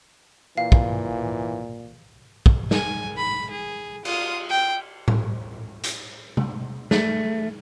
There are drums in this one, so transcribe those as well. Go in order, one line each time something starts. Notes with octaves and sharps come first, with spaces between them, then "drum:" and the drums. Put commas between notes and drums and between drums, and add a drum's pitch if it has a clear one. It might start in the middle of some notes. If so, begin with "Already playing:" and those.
A#2 E3 F5
drum: kick
drum: kick
G#5, drum: snare
B5
G#4
F4 D#6, drum: cymbal
G5
drum: tom A2
drum: hi-hat
drum: tom C3
A3, drum: snare